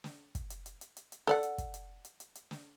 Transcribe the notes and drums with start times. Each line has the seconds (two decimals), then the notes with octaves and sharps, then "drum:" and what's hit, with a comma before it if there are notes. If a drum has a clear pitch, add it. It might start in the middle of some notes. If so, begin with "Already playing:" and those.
0.04 drum: snare
0.35 drum: kick, hi-hat
0.50 drum: hi-hat
0.66 drum: hi-hat
0.81 drum: hi-hat
0.97 drum: hi-hat
1.12 drum: hi-hat
1.27 A4 D5 F#5, drum: snare
1.43 drum: hi-hat
1.58 drum: kick, hi-hat
1.74 drum: hi-hat
2.05 drum: hi-hat
2.20 drum: hi-hat
2.35 drum: hi-hat
2.51 drum: snare